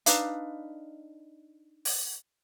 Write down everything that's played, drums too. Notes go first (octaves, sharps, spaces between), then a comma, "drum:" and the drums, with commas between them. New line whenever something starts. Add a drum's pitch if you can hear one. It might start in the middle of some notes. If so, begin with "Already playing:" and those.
D4 D#4 B4 F5, drum: hi-hat
drum: open hi-hat